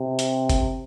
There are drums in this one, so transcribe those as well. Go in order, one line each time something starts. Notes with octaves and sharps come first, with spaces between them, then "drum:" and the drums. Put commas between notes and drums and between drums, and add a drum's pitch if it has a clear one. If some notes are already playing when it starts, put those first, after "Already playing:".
Already playing: C3
drum: hi-hat
drum: kick G1, hi-hat